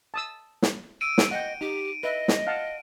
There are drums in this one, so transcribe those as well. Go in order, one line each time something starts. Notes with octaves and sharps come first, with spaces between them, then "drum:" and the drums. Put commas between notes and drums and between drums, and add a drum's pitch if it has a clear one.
A5 D#6 E6
drum: snare
E6 D7 D#7
drum: snare
D#5 F#5 G5
D#4 G4
B4 D#5 E5
drum: snare
F5 F#5 A5